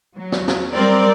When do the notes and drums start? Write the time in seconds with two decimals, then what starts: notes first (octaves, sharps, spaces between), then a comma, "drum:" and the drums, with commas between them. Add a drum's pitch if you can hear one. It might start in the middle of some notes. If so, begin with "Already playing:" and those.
0.17 F#3
0.32 drum: snare
0.48 drum: snare
0.73 G3 C4 A#4 D5